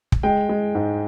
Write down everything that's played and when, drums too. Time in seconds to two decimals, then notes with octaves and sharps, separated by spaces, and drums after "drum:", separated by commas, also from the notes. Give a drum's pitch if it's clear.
0.12 drum: kick
0.23 G#3 G5
0.49 G#3
0.75 G#2